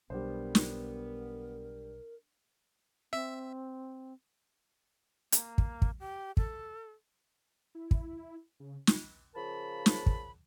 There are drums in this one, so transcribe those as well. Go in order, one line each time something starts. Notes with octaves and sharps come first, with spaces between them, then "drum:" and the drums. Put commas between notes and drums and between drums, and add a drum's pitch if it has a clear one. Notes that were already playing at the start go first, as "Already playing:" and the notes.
B1 G3 B3 D4 A#4 C5
drum: snare
C4 E5
A#3, drum: hi-hat
drum: kick
drum: kick
G4
A4, drum: kick
E4
drum: kick
C#3
drum: snare
C#3 F3 A#4 A5 B5
drum: snare
drum: kick